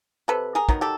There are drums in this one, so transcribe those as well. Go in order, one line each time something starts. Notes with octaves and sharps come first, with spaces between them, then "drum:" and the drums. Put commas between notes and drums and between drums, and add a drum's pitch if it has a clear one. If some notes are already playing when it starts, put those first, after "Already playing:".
C3 A4 B4
G#4 A#4
D#3 F#3 B3, drum: kick
G4 A4